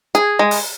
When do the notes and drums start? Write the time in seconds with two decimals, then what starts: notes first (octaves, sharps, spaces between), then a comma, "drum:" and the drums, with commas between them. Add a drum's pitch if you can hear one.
0.15 G#4, drum: hi-hat
0.39 G#3
0.51 drum: open hi-hat